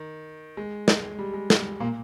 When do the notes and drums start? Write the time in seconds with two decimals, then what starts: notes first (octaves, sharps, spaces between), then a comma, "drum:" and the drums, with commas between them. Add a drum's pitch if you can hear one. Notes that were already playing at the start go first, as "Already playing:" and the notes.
Already playing: D#3
0.57 G#3
0.88 G#3, drum: snare
1.19 G3
1.34 G#3
1.50 G3, drum: snare
1.80 A#2 A#3